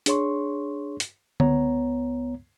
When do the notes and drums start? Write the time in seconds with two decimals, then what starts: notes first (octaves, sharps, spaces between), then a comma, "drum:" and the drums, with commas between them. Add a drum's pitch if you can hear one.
0.06 D4 G#4 C#5 C6 C#6, drum: hi-hat
1.00 drum: hi-hat
1.40 C#2 B3 C#5 A#5, drum: tom D3